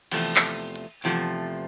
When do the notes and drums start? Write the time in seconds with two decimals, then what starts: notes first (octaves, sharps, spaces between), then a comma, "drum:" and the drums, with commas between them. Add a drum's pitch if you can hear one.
0.11 E2 C3 F3 A3, drum: cymbal
0.36 drum: clap
0.76 drum: hi-hat
1.04 E2 C3 F3 A3